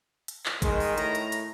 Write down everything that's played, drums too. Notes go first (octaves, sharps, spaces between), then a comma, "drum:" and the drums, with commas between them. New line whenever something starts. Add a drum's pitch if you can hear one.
drum: hi-hat
drum: clap
D#3 G#3, drum: kick G#1, hi-hat
drum: open hi-hat
A2 A#5, drum: hi-hat
drum: hi-hat
drum: hi-hat